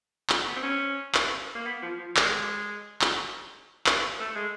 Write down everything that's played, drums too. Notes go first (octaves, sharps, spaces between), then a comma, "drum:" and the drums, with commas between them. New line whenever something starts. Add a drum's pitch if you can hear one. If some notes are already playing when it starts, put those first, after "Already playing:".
drum: clap
B3
C4
C#4
drum: clap
A#3
B3
F3
F3
G#3, drum: clap
drum: clap
drum: clap
A3
G#3